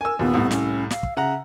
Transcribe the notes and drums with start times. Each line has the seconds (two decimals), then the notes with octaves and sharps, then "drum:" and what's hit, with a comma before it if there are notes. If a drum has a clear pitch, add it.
0.01 A#4 G#5 E6
0.19 D#2 A#2 B3
0.34 C2 A2
0.51 C#4, drum: snare
0.90 F5, drum: snare
1.03 drum: kick
1.17 C#3 E5 F#5 A#5